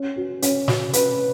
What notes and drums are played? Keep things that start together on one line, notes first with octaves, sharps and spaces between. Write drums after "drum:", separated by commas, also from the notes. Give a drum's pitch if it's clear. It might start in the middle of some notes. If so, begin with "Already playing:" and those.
Already playing: C#4
F#4
C#4, drum: hi-hat
F#4, drum: snare
B4, drum: hi-hat